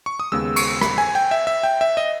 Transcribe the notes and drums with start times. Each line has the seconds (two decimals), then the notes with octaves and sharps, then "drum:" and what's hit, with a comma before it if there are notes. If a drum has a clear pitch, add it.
0.06 C#6
0.20 D#6
0.32 D#2 C#3 G#3 B3 E6
0.56 C#6, drum: cymbal
0.81 B5, drum: rim click
0.98 G#5
1.15 G5
1.31 E5
1.47 E5
1.63 G5
1.81 E5
1.97 D#5